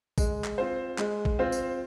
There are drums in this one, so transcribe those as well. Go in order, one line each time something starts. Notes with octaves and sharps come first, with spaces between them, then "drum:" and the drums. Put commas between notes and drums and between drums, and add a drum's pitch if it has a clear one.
G#3, drum: kick A1, tambourine
drum: clap
C4 F4 C5
G#3, drum: clap
drum: kick A1
C4 F4 C5
drum: tambourine